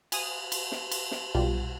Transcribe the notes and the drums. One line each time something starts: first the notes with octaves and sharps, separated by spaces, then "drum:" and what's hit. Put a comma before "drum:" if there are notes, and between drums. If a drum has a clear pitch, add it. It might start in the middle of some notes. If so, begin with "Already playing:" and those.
G#5 D#6, drum: cymbal
drum: cymbal
drum: snare
drum: cymbal
drum: snare
B1 B2 G3 F4 G4